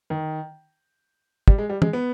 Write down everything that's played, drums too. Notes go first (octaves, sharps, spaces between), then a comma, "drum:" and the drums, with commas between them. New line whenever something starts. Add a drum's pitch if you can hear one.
D#3
G3, drum: kick
G#3
G3
G#3, drum: tom
B3